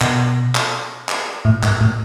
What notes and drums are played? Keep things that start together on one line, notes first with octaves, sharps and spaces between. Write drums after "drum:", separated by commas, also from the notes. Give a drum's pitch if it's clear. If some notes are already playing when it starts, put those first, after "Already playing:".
B2, drum: clap
drum: clap
drum: clap
A2
G#2, drum: clap
A2